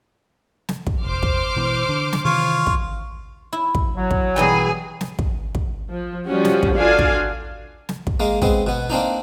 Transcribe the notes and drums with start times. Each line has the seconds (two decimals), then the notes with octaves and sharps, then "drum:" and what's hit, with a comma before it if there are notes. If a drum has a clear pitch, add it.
0.69 drum: snare
0.87 drum: kick
1.05 F1 C5 D6 F6
1.23 drum: kick
1.56 B2 E3
1.89 D3
2.13 drum: snare
2.25 C3 D#3 E3 F4 C#5
2.67 drum: kick
3.53 E4
3.75 drum: kick
3.95 F#3
4.11 drum: kick
4.36 B2 E3 G3 G#4 G#5
5.01 drum: snare
5.19 drum: kick
5.55 drum: kick
5.90 F3
6.27 F3 G3 C#4 F#4
6.45 drum: snare
6.63 drum: kick
6.76 D4 F4 F#4 A4 F5 G#5
6.99 drum: kick
7.89 drum: snare
8.07 drum: kick
8.20 G#3 A#3
8.42 G#3 B3 C4, drum: kick
8.67 B2 B3
8.90 A#3 C4 D4 D#4